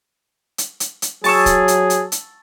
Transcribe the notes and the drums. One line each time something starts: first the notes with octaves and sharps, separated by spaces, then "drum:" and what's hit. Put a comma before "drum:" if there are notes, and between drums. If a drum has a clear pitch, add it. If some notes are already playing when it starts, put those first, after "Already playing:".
drum: hi-hat
drum: hi-hat
drum: hi-hat
F#3 G#4 A5 C#6 E6, drum: open hi-hat
drum: kick C#1, hi-hat
drum: hi-hat
drum: hi-hat
drum: hi-hat